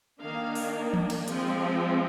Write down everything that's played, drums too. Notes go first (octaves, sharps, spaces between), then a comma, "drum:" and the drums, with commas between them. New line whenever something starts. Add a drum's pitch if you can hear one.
D#3 A#3 D4 F5
drum: open hi-hat
drum: tom E3
drum: cymbal
F3 G#3 C4, drum: hi-hat